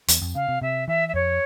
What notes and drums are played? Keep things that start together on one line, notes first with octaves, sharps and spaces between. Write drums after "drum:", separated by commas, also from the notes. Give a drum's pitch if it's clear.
E2, drum: hi-hat
F2
C#3 F5
C3
C3 E5
E3 E5
E5
F2 C#5